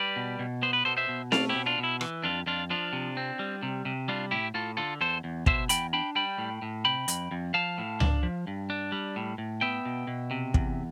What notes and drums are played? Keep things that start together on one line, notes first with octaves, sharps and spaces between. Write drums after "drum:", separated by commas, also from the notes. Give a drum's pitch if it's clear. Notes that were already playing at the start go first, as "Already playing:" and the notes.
Already playing: G3 B4 D5
B2
B2
B3 C5
B4
B2 A4 C5
C5 E5
B2
A3 D5 F5, drum: snare C4
E4 G4
B2
D4 F4
B2 E4
E3, drum: rim click
F2 D4 F4
F2 D4 F4
F3 D4 F4
C3
C4
G3
C3
C3
G3 D4 F4
A2 E4 G4
A2 F4 A4
D3 F4 A4
E2 A4 C5
E2
B2 C5 E5, drum: kick
E2 G5 B5, drum: hi-hat
D4 G5 B5
G3 G5 B5
A2
A2
C3 G5 B5
F2, drum: hi-hat
F2
F3 F5 A5
A2
D4, drum: tom C#2
F3
G2
D4
G3
A2
A2
B3 E5 G5
B2
B2
C3
E2, drum: kick